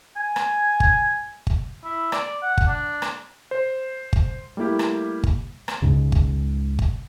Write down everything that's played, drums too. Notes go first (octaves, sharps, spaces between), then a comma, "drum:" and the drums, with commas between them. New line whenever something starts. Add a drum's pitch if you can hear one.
G#5
drum: rim click
drum: kick G1
drum: kick G1
E4
D5, drum: rim click
F#5
drum: kick G1
D4
drum: rim click
C5
drum: kick G1
G3 A3 A#3 E4 G4
drum: rim click
drum: kick G1
drum: rim click
C#2 G#2 C#3
drum: kick G1
drum: kick G1